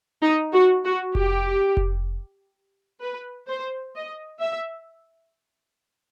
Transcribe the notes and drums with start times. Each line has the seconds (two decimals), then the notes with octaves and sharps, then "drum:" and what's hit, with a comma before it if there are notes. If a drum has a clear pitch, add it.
0.21 D#4
0.53 F#4
0.84 F#4
1.15 G4, drum: kick F1
1.77 drum: kick F1
3.01 B4
3.48 C5
3.95 D#5
4.41 E5